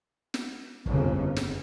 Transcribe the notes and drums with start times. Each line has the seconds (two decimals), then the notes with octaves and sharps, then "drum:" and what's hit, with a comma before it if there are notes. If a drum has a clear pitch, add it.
0.34 drum: snare
0.86 G1 F2 C#3, drum: kick F#1
1.36 drum: snare